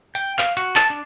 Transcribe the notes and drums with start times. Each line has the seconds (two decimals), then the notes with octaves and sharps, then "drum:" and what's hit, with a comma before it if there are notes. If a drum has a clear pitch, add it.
0.15 G5, drum: hi-hat
0.39 F5, drum: clap
0.57 F#4, drum: hi-hat
0.76 A5, drum: clap
0.90 D4